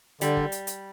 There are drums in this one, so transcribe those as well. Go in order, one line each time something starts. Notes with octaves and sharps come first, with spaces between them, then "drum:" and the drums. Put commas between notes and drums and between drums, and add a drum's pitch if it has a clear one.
D3 G3, drum: hi-hat
drum: kick
drum: hi-hat
drum: hi-hat